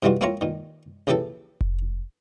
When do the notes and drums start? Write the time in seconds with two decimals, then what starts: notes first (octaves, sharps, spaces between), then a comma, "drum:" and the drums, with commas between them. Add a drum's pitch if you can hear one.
0.03 G#2 C3 E3 G3 F4 F#4
0.21 A#3 C4 E4 F4 C#5 A#5
0.41 A#2 D#3
1.07 A#1 C#3 E3 G4 A4 G5
1.61 drum: kick F1